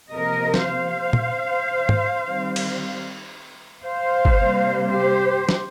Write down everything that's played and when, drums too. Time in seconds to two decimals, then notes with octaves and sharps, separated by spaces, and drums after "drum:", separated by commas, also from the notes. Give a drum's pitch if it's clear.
0.11 C3 F3 A#3 A#4 D#5
0.54 drum: snare
0.64 C5 F5
1.13 drum: tom
1.89 drum: tom
2.24 D#3 G3 C4
2.56 drum: cymbal
3.83 C5 F5
4.25 drum: kick G1
4.37 C3 G3 A#3
4.89 G4 C5
5.49 drum: snare